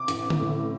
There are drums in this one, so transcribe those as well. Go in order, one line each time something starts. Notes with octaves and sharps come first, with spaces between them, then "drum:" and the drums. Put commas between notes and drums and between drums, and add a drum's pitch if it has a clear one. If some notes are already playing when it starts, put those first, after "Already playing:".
Already playing: C3 D6
A1, drum: hi-hat
drum: tom D3
A2